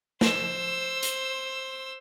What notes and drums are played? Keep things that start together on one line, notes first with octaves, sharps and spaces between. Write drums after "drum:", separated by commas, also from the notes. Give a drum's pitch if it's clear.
C5 E6, drum: snare
drum: hi-hat